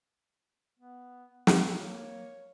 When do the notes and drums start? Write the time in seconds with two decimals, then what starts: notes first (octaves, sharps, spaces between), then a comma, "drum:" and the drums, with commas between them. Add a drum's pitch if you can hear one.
0.79 B3
1.47 F#3 A3, drum: snare
1.81 A#3 C#5